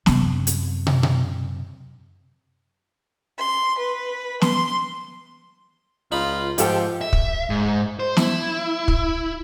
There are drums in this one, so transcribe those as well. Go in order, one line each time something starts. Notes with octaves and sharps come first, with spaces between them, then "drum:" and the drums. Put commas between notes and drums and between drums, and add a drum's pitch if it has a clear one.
F#2 C3, drum: snare
drum: hi-hat
drum: tom
drum: tom
C6
B4
C6, drum: snare
C#2 D#4 F4 B5
G#2 F3 F4 G4 A4 G5, drum: hi-hat
E5
drum: kick
G#2
C5
E4, drum: snare
drum: kick